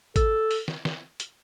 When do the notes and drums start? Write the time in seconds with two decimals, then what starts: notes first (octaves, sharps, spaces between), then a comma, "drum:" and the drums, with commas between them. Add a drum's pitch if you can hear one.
0.16 A4, drum: kick G#1, hi-hat
0.51 drum: open hi-hat
0.68 drum: snare
0.85 drum: snare
1.20 drum: hi-hat